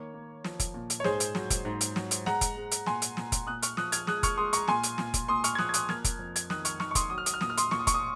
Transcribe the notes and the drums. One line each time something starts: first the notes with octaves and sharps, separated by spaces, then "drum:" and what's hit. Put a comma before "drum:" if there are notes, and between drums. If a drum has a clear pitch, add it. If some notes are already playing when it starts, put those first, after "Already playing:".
Already playing: D#3 A#3 C#5
A#3
F3, drum: snare
drum: kick F1, hi-hat
A#2
drum: hi-hat
C#5
G#2 G#4 C5, drum: snare
drum: hi-hat
F#3, drum: snare
drum: kick F1, hi-hat
G#2
drum: hi-hat
F#3, drum: snare
drum: hi-hat
G#3 F#5 A#5, drum: snare
drum: kick F1, hi-hat
G#3
drum: hi-hat
A#2 G#5 C6, drum: snare
drum: hi-hat
A#2, drum: snare
drum: kick F1, hi-hat
A#2 D#6 F#6
C#6 F6, drum: hi-hat
F3 D#6 F#6, drum: snare
F6 G#6, drum: hi-hat
G#3 D#6 F#6, drum: snare
C#6 F6, drum: kick F1, hi-hat
G#3 C6 D#6
A#5 C#6, drum: hi-hat
A#2 G#5 C6, drum: snare
drum: hi-hat
A#2, drum: snare
drum: kick F1, hi-hat
A#2 C6 D#6
C#6 F6, drum: hi-hat
G#6
F3 D#6 F#6, drum: snare
G#6
D#6 F#6, drum: hi-hat
A#3 F6 G#6, drum: snare
drum: kick F1, hi-hat
F2
G#6, drum: hi-hat
D#3 D#6 F#6, drum: snare
C#6 F6, drum: hi-hat
D#3 C#6 F6, drum: snare
C#6
C6 D#6, drum: kick F1, hi-hat
F#3 D#6
F6
D#6, drum: hi-hat
F6
A#2 D#6, drum: snare
F6
C6 D#6, drum: hi-hat
A#2 C#6, drum: snare
D#6
C#6, drum: kick F1, hi-hat
D#6